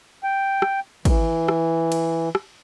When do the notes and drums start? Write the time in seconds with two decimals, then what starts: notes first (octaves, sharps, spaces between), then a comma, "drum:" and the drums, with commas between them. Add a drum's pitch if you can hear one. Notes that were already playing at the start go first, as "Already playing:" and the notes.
0.24 G5
0.62 drum: rim click
1.05 E3, drum: kick, cymbal
1.48 drum: rim click
1.92 drum: cymbal
2.35 drum: rim click